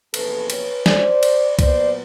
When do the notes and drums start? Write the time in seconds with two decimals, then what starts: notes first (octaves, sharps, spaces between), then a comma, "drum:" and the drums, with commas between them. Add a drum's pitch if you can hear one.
0.14 E2 C3 F3 A#3 C#4 A4 B4, drum: cymbal
0.50 B4 C#5, drum: cymbal
0.86 C5 D5, drum: snare
1.23 drum: cymbal
1.59 A#2 F#3 B3 C5 D5, drum: kick, cymbal